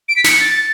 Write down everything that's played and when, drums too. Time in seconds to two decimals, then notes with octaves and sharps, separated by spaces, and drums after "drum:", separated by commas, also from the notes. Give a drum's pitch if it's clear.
0.09 D7
0.16 B6
0.24 C#7, drum: snare
0.40 A6